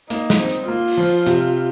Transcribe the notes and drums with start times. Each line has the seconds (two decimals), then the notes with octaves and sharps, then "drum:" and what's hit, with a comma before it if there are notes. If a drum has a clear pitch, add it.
0.10 A#3 D#4, drum: hi-hat
0.30 drum: snare
0.40 C4
0.49 drum: hi-hat
0.68 A#3 F4
0.88 drum: open hi-hat
0.97 F3
1.26 C3, drum: hi-hat